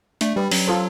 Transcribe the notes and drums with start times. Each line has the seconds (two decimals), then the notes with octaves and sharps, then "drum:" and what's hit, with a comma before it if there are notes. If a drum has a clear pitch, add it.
0.21 A3 D4, drum: hi-hat
0.36 G3 G4 B4 D5
0.52 F#3 C#4, drum: open hi-hat
0.67 F4 A4 C5